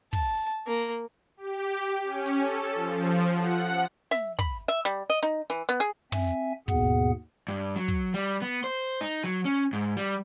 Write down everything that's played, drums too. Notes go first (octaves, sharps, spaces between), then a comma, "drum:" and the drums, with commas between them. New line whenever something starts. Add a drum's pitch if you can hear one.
A5, drum: kick
A#3
G4
C#4
drum: open hi-hat
A4
F3
F#5
E5, drum: snare
B5, drum: kick
E5
G3
D#5
D#4
E3
B3
G#4
C4 E5 G#5, drum: tom
D#2 G#2 B2 B3 G#4 F#5, drum: kick
G2
F#3
drum: kick
G3
B3
C5
D#4
F#3
C#4
G#2
G3